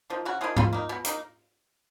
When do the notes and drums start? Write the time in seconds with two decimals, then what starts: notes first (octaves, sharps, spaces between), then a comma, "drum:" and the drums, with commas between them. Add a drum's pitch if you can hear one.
0.10 F3 A#3 D#4
0.25 C#3 F#4
0.41 F3 A#3 D#4 F4 G#4
0.57 B2 F4, drum: tom G#2
0.73 A#3 D#4
0.89 B2
1.05 A#3 D#4, drum: hi-hat